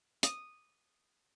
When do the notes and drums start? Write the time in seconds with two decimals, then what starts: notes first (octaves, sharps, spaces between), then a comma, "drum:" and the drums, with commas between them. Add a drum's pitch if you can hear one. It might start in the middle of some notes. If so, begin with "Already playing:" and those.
0.23 D#6, drum: hi-hat